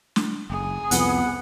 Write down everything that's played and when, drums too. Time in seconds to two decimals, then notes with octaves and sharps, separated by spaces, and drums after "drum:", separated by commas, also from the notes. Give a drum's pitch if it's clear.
0.16 drum: snare
0.50 F#1 G#4
0.91 C2 F2 C3 B3 F#5, drum: hi-hat